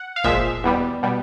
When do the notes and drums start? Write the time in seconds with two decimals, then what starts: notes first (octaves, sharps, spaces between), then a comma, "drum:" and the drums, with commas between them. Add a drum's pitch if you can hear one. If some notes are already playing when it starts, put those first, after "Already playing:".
Already playing: F#5
0.16 F5
0.24 A#2 F3 G#3 E5, drum: kick
0.64 E2 B2 G3
1.03 B2 G3